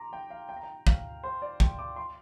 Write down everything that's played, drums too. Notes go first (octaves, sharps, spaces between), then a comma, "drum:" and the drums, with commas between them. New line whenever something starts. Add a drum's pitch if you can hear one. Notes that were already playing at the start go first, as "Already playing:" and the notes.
Already playing: A#5 C6 D6
G5
F5
G5
A#5
G5
F5, drum: kick
C5
D5
G5, drum: kick
D6
C6